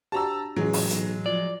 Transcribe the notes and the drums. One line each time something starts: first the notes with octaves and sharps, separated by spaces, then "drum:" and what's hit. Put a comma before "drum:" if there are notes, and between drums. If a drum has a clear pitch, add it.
D4 F#4 G4 A5 A#5 E6
C#2 A2 E3 F#3 G#3 G#4
drum: open hi-hat
B1, drum: hi-hat
F3 D5